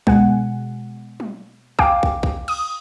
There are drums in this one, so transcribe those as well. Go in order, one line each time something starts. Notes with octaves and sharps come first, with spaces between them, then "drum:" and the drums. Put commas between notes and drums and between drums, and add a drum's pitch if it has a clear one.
B2 G#3 F#5 G#5, drum: kick
drum: tom
F5 G5 G#5 D6, drum: kick
drum: kick
drum: kick
D#6, drum: cymbal